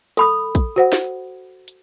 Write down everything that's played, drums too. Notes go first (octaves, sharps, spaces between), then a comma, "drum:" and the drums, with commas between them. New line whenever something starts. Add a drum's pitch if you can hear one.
A4 B5 D#6, drum: hi-hat
drum: kick, hi-hat
F#4 C5 F#5
drum: snare
drum: hi-hat